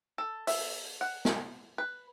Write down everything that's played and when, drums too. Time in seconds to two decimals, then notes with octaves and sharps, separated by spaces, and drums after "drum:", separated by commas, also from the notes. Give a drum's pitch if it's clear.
0.18 A4
0.47 E5, drum: open hi-hat
1.01 F#5
1.25 drum: snare
1.78 B4